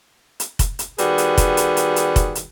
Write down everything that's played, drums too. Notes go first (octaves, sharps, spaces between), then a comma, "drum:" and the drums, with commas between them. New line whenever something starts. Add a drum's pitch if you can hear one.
drum: hi-hat
drum: kick F1, hi-hat
drum: hi-hat
D#3 G3 B3 F#4 G#4, drum: hi-hat
drum: hi-hat
drum: kick F1, hi-hat
drum: hi-hat
drum: hi-hat
drum: hi-hat
drum: kick F1, hi-hat
drum: hi-hat